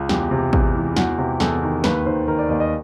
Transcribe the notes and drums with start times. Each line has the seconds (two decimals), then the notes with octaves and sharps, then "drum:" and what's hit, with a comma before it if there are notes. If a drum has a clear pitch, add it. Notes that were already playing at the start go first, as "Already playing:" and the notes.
Already playing: C#2
0.09 E2 G4, drum: snare
0.31 C3
0.53 E2, drum: kick
0.75 E3
0.96 E2 F#4, drum: snare
1.18 C3 G4
1.40 E2 A4, drum: snare
1.62 D#3
1.84 D#2 B4, drum: snare
2.06 D#3 C5
2.27 D#3 A#4
2.39 D5
2.49 D#2 D#5
2.60 D#5